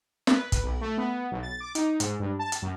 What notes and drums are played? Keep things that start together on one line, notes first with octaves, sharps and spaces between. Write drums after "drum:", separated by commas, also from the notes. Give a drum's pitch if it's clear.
B4, drum: snare
drum: kick, hi-hat
B1
A3
B3
B1
A6
D6
D#4, drum: hi-hat
G#2, drum: hi-hat
G2
A5
drum: hi-hat
F#2